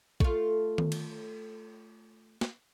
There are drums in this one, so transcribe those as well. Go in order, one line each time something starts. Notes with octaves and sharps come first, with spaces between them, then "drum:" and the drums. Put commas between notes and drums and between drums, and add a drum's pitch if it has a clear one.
A3 F4, drum: kick A#1
drum: tom D#3
drum: cymbal
drum: snare